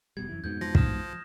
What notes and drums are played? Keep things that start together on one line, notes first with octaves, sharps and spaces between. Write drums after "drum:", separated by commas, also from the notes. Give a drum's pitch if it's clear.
F1 B2 G3 G#6
F#2 E3
F2 G#2 B2 G6
F3 A#6
D#6 F6 E7, drum: kick